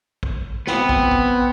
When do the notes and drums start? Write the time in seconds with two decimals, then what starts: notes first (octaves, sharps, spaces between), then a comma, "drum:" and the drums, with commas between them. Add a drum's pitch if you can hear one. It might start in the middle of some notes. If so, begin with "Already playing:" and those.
0.23 drum: kick
0.67 B3 C4, drum: snare
0.89 drum: kick
1.11 drum: kick